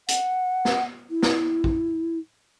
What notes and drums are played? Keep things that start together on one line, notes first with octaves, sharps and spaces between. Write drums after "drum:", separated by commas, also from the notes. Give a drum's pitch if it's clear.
F#5, drum: hi-hat
drum: snare
E4
drum: snare
drum: kick